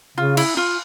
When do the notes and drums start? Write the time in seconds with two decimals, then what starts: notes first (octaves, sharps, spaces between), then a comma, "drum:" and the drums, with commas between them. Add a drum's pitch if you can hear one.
0.18 C#3 F4
0.37 E4, drum: cymbal
0.57 F4